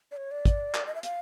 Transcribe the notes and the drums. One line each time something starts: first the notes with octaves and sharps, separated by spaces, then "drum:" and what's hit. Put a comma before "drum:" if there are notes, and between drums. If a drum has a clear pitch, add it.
D5
C#5
D5
drum: kick, hi-hat
drum: clap
D#5
E5
F5, drum: hi-hat